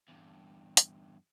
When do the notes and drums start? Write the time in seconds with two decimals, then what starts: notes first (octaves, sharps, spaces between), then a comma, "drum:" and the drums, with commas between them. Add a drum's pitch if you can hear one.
0.08 E2 G2
0.77 drum: hi-hat